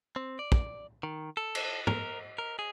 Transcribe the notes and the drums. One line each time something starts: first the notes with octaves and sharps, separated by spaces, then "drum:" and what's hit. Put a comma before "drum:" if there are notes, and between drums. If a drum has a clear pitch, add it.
C4
D5
drum: kick
D#3
A4
drum: cymbal
A#4, drum: tom
A#4
G#4